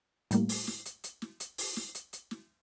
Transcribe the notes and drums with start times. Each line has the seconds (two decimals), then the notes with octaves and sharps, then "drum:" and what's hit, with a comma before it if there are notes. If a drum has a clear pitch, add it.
0.31 A2 G3 A#3, drum: hi-hat
0.49 drum: open hi-hat
0.67 drum: snare
0.85 drum: hi-hat
1.04 drum: hi-hat
1.22 drum: snare
1.40 drum: hi-hat
1.58 drum: open hi-hat
1.76 drum: snare
1.95 drum: hi-hat
2.13 drum: hi-hat
2.31 drum: snare